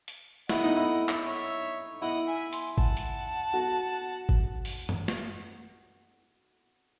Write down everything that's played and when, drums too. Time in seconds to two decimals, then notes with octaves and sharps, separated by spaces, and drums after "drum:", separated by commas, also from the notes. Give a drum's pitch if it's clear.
0.08 drum: hi-hat
0.49 E4 D#5 F#5, drum: snare
0.63 D#4
0.77 E4
1.09 drum: clap
1.26 C#5 E5
2.02 E4 D#5 F#5
2.27 E5 G#5
2.53 G#5 C6, drum: hi-hat
2.78 F#5 A5, drum: kick G#1
2.97 drum: hi-hat
3.53 F#4
4.29 drum: kick G#1
4.65 drum: open hi-hat
4.89 drum: tom F#2
5.08 drum: snare